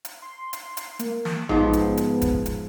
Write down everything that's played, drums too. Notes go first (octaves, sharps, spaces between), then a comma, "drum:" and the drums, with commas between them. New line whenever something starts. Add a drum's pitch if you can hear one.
drum: hi-hat
C6
drum: hi-hat
drum: hi-hat
A#3, drum: hi-hat
drum: snare
G#2 F3 B3, drum: tom A#1
drum: hi-hat
drum: hi-hat
drum: kick, hi-hat
drum: hi-hat